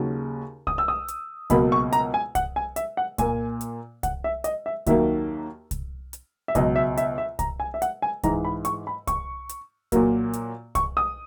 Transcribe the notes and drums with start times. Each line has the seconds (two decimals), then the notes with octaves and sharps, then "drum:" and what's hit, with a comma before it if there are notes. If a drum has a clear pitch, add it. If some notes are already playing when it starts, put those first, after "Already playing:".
Already playing: D#2 C#3 F#3
0.67 D#6, drum: kick C2
0.78 E6
0.88 D#6
1.08 drum: hi-hat
1.50 C#2 B2 F#3 A#3 B5, drum: kick C2, hi-hat
1.72 C#6
1.93 A#5, drum: hi-hat
2.14 G#5
2.35 F#5, drum: kick C2, hi-hat
2.56 G#5
2.76 E5, drum: hi-hat
2.97 F#5
3.18 A#2 A#3 G#5, drum: kick C2, hi-hat
3.61 drum: hi-hat
4.03 F#5, drum: kick C2, hi-hat
4.24 E5
4.44 D#5, drum: hi-hat
4.66 E5
4.86 D#2 D#3 F#3 A#3 E5, drum: kick C2, hi-hat
5.71 drum: kick C2, hi-hat
6.13 drum: hi-hat
6.48 E5
6.55 C#2 B2 F#3 D#5, drum: kick C2, hi-hat
6.76 E5
6.97 E5, drum: hi-hat
7.18 E5
7.39 A#5, drum: kick C2, hi-hat
7.60 G#5
7.74 E5
7.82 F#5, drum: hi-hat
8.02 G#5
8.23 G#2 E3 G#3 A#5, drum: kick C2, hi-hat
8.45 B5
8.65 C#6, drum: hi-hat
8.87 B5
9.07 C#6, drum: kick C2, hi-hat
9.49 drum: hi-hat
9.92 A#2 F#3 A#3, drum: kick C2, hi-hat
10.33 drum: hi-hat
10.75 C#6, drum: kick C2, hi-hat
10.97 D#6